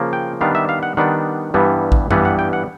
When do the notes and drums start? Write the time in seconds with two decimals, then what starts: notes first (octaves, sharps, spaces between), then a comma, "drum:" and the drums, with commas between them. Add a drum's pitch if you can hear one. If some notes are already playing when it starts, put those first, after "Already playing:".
Already playing: C#3 F3 A#3
0.13 G5
0.41 D#3 G3 B3 D4 F5
0.55 E5
0.69 F5
0.83 F#5
0.97 D#3 G3 B3 D4 F#5
1.54 G2 E3 G3 B3
1.92 drum: kick A1
2.11 G2 E3 G3 B3 F#5, drum: tom F#2
2.25 F#5
2.39 G5
2.53 F#5